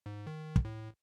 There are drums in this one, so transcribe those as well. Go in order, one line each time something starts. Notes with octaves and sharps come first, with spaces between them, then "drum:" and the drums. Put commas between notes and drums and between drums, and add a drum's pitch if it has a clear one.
G#2
D#3
drum: kick
A2